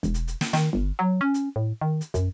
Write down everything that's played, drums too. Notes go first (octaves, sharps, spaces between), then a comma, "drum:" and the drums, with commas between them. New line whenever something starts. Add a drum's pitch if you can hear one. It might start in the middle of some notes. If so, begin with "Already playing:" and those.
E1, drum: kick, hi-hat
drum: hi-hat
drum: hi-hat
drum: snare
D#3, drum: snare
G1
F#3
C#4
drum: hi-hat
A2
D#3
drum: hi-hat
F#2, drum: kick, hi-hat